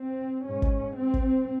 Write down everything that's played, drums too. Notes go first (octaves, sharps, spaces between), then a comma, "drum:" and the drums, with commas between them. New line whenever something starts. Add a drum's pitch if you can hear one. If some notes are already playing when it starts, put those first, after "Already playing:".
Already playing: C4
G#2 C#4
drum: kick
C4
drum: kick